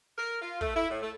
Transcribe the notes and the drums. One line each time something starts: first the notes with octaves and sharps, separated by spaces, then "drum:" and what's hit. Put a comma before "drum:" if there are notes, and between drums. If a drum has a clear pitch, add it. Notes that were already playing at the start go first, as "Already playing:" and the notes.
A#4
F4
A3, drum: kick
E4
A2
A3